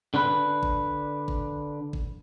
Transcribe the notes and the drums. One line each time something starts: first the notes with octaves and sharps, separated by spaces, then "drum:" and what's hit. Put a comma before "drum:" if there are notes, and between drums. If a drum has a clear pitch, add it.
D3 D4 B4
drum: kick G#1
drum: kick G#1
drum: kick G#1